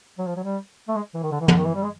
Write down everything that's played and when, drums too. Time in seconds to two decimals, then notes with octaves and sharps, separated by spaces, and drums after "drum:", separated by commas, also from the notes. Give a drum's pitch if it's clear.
0.18 F#3
0.27 F3
0.36 F#3
0.44 G3
0.88 A3
0.96 G#3
1.14 E3
1.23 D#3
1.32 D3
1.40 E3
1.48 D3, drum: tom
1.57 D#3
1.65 E3
1.75 G3
1.83 G#3